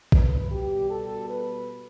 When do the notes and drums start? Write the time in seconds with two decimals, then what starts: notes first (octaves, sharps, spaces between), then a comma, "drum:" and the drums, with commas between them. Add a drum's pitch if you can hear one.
0.12 B4, drum: kick A#1
0.51 B2 G3 G4
0.90 A4
1.29 B4